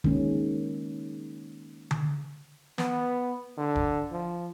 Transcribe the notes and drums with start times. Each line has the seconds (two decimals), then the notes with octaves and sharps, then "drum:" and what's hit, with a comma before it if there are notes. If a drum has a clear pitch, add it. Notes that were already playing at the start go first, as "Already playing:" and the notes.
0.04 D#3 G#3 A#3 C#4, drum: kick E1
1.91 drum: tom D3
2.78 B3, drum: snare
3.57 D3
3.76 drum: kick E1
4.11 F3